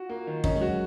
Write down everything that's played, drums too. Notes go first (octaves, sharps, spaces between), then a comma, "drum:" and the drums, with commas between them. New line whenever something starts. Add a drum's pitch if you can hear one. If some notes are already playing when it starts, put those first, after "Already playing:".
Already playing: F4 F#4
A#3
D#3
C#4 D#4, drum: kick
G#3
F#3 F#4